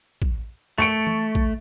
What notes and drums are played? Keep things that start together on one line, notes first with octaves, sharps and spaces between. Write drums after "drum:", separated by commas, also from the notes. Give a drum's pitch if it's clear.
drum: kick
A3 C#6 C#7 D7, drum: tom
drum: tom E3
drum: kick